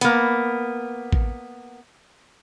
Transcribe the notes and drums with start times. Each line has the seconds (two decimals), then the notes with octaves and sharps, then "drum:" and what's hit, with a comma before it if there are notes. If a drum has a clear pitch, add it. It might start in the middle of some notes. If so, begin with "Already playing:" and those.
0.01 A#3 B3, drum: hi-hat
1.13 drum: kick A1